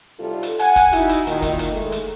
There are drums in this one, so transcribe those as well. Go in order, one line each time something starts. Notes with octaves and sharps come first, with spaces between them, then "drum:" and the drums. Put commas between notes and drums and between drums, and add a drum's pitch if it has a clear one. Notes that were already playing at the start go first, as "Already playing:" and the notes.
B1 C3 G3 F4 A4
drum: hi-hat
F#5 G#5, drum: hi-hat
drum: kick, hi-hat
D#4 E4 F#4, drum: hi-hat
drum: hi-hat
A#2 D#3, drum: hi-hat
drum: kick, hi-hat
drum: hi-hat
G#3 A3
drum: hi-hat